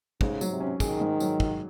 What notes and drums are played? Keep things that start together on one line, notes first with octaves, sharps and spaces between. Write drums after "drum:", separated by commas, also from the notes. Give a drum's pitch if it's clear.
G#2 C#3, drum: kick
F#3, drum: tambourine
C3
C#4
D#3 G#4, drum: kick, tambourine
G#2
F#3, drum: tambourine
drum: kick